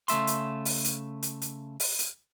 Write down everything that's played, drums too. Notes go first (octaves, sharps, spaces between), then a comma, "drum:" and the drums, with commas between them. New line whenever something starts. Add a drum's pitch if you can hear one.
C#3 A3 E5 C6, drum: hi-hat
drum: hi-hat
drum: open hi-hat
drum: hi-hat
drum: hi-hat
drum: hi-hat
drum: open hi-hat
drum: hi-hat